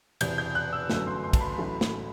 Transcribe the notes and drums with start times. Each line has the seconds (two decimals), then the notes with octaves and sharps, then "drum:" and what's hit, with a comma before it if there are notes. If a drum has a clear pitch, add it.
0.21 E1 E2 C3 G6, drum: cymbal
0.38 G6
0.55 F#6
0.73 E6
0.90 G1 F#2 F#3 A3, drum: snare
1.07 C6
1.24 C6
1.33 A5, drum: kick, cymbal
1.41 B5
1.58 A1 A2 F#3 A3
1.81 drum: snare